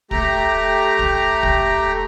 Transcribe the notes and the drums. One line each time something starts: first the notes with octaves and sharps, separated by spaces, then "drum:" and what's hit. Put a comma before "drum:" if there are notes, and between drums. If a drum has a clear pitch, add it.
A3 G4 A#5, drum: kick
drum: kick
drum: kick